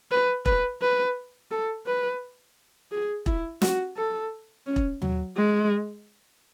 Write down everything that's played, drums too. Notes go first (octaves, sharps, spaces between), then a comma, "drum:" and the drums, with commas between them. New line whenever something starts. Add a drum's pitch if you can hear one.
B4
B4, drum: kick E1
B4
A4
B4
G#4
E4, drum: kick E1
F#4, drum: snare
A4
C#4
drum: kick E1
F#3, drum: tom D#2
G#3